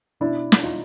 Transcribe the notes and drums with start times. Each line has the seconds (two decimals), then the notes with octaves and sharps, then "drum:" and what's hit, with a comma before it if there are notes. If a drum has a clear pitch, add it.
0.20 B2 D4 E4
0.52 drum: snare
0.63 D#4 F4